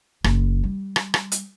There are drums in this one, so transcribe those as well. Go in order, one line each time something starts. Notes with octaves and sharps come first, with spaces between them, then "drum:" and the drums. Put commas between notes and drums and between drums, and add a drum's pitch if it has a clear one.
F#1, drum: rim click
G3
drum: rim click
drum: rim click
drum: hi-hat